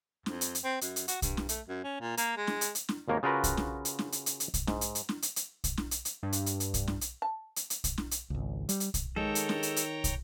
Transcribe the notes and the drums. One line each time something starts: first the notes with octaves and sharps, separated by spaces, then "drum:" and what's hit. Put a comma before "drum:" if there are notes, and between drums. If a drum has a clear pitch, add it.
F2, drum: snare
drum: hi-hat
drum: hi-hat
C4
F#2, drum: hi-hat
drum: hi-hat
F#4, drum: hi-hat
G2, drum: kick, hi-hat
drum: snare
A3, drum: hi-hat
F#2
C#4
A#2
A#3, drum: hi-hat
G#3
drum: snare
drum: hi-hat
drum: hi-hat
drum: snare
G#1 D#2 A#3 A#4 C#5
C#3 F4 F#4 A#4 B4
drum: kick, hi-hat
drum: snare
drum: hi-hat
drum: snare
drum: hi-hat
drum: hi-hat
drum: hi-hat
drum: kick, hi-hat
G#2, drum: snare
drum: hi-hat
drum: hi-hat
drum: snare
drum: hi-hat
drum: hi-hat
drum: kick, hi-hat
drum: snare
drum: hi-hat
drum: hi-hat
G2
drum: hi-hat
drum: hi-hat
drum: hi-hat
drum: kick, hi-hat
drum: snare
drum: hi-hat
A5
drum: hi-hat
drum: hi-hat
drum: kick, hi-hat
drum: snare
drum: hi-hat
G#1 C#2
G3, drum: hi-hat
drum: hi-hat
drum: kick, hi-hat
D#3 G#3 A4 C#5 G5 A#5
drum: hi-hat
drum: snare
drum: hi-hat
drum: hi-hat
drum: kick, hi-hat